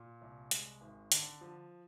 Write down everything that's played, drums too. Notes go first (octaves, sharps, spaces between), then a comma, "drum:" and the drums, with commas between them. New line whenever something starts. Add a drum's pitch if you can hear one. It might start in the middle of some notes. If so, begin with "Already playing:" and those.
Already playing: A#2
C2
G#3, drum: hi-hat
G#1
D3, drum: hi-hat
F3